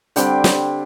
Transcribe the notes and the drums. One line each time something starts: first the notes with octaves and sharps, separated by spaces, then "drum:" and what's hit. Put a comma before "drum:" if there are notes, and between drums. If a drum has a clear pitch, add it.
D3 G3 C4 G5, drum: hi-hat
drum: snare